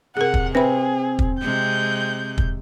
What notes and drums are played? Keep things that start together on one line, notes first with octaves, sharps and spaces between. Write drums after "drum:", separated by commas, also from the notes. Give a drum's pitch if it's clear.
C3 G#4 A#4 F#5
drum: kick
C4 G#4 B4 E5 B5
drum: kick
C3 G#3 G6
drum: kick